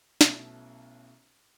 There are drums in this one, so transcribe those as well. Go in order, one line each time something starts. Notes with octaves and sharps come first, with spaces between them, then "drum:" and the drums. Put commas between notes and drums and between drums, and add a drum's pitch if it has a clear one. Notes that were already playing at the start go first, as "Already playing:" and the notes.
B1 B2 A3 C#4 E4, drum: snare